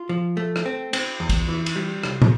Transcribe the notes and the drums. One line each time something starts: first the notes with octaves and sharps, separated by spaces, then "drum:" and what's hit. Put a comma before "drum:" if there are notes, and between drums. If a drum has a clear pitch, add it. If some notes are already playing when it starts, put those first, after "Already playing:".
Already playing: F4
F3
A3
drum: rim click
C4
C4, drum: cymbal
E2
drum: kick, cymbal
E3
drum: cymbal
G3
C2, drum: rim click
drum: tom